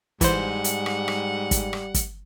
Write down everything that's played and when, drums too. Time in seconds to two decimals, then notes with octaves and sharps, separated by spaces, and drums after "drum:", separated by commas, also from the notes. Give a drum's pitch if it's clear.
0.21 G#2 E3 G3 C5 F#5, drum: kick, hi-hat
0.64 drum: hi-hat
0.86 drum: rim click
1.08 drum: rim click
1.51 drum: kick, hi-hat
1.73 drum: rim click
1.94 drum: kick, hi-hat